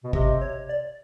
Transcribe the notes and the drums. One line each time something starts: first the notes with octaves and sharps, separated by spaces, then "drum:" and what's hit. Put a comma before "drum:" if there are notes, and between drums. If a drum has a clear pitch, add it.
B2
C3 D#5, drum: kick
C#5
D5